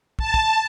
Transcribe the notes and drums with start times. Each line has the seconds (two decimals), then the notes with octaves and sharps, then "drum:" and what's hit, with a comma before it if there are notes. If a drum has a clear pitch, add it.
0.19 A5, drum: kick
0.34 drum: kick